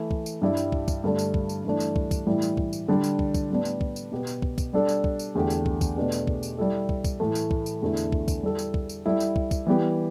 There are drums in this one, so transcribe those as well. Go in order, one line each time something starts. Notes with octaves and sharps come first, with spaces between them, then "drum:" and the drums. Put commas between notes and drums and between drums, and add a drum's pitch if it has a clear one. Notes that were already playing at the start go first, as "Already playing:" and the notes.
Already playing: E3 A3 E4
drum: kick
drum: tambourine
G2 G3 E4 G4
drum: tambourine
drum: kick
drum: kick, tambourine
G2 D3 A3 D4
drum: tambourine
drum: kick
drum: tambourine
G2 E3 A3 D4
drum: tambourine
drum: kick
drum: kick, tambourine
A2 E3 G3 E4
drum: tambourine
drum: kick
drum: tambourine
D3 G3 D4
drum: tambourine
drum: kick
drum: kick, tambourine
A2 G3 B3 D4
drum: tambourine
drum: kick
drum: tambourine
B2 B3 G4 B4
drum: tambourine
drum: kick
drum: kick, tambourine
G3 D4 A4
drum: tambourine
drum: kick
drum: tambourine
E2 D3 A3 G4
drum: tambourine
drum: kick
drum: kick, tambourine
B2 A3 D4 G4 B4
drum: tambourine
drum: kick
drum: tambourine
G3 E4 A4
drum: kick
drum: kick, tambourine
A2 E3 A3
drum: tambourine
drum: kick
drum: tambourine
E2 D3 A3 E4
drum: tambourine
drum: kick
drum: kick, tambourine
G3 E4 A4
drum: tambourine
drum: kick
drum: tambourine
G3 E4 A4
drum: tambourine
drum: kick
drum: kick, tambourine
E3 G3 B3 G4